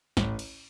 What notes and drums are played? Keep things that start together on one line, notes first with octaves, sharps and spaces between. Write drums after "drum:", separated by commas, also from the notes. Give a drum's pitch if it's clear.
A1, drum: snare
drum: cymbal